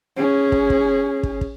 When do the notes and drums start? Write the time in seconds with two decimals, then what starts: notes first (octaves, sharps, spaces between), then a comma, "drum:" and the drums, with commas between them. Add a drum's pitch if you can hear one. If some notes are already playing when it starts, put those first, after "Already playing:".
0.16 C#4 G#4
0.52 drum: kick
0.70 drum: kick
1.23 drum: kick
1.41 drum: kick